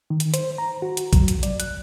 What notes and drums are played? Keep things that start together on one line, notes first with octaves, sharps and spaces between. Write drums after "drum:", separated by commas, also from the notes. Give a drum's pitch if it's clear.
D#3
drum: hi-hat
C5, drum: hi-hat
A#5
F#4
drum: hi-hat
F#3, drum: kick, hi-hat
drum: hi-hat
D5, drum: hi-hat
F#6, drum: hi-hat